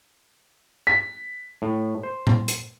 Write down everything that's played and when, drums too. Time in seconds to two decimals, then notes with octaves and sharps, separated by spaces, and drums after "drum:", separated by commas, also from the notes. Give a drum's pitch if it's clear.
0.87 B6
1.62 A2
2.03 C5
2.27 drum: tom A2
2.48 drum: hi-hat